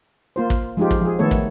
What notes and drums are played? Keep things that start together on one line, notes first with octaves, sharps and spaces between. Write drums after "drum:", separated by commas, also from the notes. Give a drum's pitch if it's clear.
A#3 F4 C5
drum: kick
F3 G#3 D#4 F4 G4
drum: kick
F3 G#4
D#3 A3 B3 A4 C#5
drum: kick